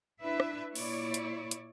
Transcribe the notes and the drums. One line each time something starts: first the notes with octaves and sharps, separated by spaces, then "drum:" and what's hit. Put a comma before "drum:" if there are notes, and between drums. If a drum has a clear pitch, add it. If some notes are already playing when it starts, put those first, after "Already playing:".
D4 E4 B4 E5
drum: rim click
A#2 E4 C#5 D5, drum: open hi-hat
drum: hi-hat
drum: hi-hat